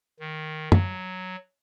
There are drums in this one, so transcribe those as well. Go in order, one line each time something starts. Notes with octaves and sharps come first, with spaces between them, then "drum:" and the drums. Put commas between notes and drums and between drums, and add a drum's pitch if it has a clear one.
D#3
F#3, drum: tom